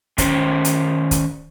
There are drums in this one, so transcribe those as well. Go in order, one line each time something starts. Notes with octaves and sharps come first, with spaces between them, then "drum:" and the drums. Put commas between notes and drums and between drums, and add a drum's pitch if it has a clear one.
D#3 C#4 C5, drum: kick, hi-hat
drum: hi-hat
drum: kick, hi-hat